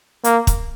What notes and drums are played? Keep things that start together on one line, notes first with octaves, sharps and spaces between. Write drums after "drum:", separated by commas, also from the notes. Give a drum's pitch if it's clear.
A#3, drum: hi-hat
drum: kick, hi-hat